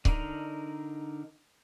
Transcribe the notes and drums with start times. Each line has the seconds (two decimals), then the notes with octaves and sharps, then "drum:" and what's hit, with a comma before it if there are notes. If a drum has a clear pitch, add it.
0.05 D3 D4 D#4 A#4, drum: kick C#1